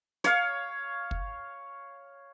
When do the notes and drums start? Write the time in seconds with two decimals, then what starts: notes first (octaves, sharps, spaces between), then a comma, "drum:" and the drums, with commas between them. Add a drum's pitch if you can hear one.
0.24 C#5 F5, drum: snare
1.11 drum: kick